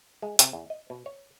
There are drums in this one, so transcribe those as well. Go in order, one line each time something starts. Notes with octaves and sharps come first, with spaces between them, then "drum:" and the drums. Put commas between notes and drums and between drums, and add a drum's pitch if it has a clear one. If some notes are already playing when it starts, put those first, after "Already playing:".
G#3
C3, drum: hi-hat
E2
D#5
B2
C#5